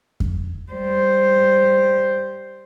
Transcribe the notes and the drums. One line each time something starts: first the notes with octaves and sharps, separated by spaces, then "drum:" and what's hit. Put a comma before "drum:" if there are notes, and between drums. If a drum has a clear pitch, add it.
drum: kick F2
G3 C5